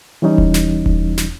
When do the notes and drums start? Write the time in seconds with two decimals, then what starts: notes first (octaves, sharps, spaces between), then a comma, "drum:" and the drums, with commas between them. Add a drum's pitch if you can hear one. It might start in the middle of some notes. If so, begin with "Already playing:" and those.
0.22 E3 G3 C#4 D#4
0.38 drum: kick D#1
0.54 drum: snare
0.86 drum: kick D#1
1.18 drum: snare